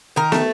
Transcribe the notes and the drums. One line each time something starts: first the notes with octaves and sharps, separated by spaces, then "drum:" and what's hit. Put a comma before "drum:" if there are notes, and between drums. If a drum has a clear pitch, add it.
D#3 A#4
A3, drum: snare